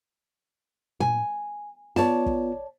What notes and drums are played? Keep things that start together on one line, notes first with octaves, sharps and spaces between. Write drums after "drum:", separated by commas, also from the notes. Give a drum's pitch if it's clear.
G#5, drum: tom
B3 F4 C#5 D5 A5, drum: snare
drum: kick